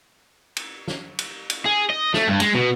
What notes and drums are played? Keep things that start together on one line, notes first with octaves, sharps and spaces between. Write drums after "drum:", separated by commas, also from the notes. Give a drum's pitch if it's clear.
drum: cymbal
drum: snare
drum: cymbal
drum: cymbal
G#4
D#5
A3, drum: snare
G2
G#3, drum: cymbal
B2